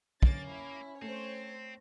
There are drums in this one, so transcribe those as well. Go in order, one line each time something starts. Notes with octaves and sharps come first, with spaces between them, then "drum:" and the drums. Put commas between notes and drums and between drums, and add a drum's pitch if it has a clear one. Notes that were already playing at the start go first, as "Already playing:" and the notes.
A#3 C#4 A6, drum: kick
E4
A3 C4 C5 C#5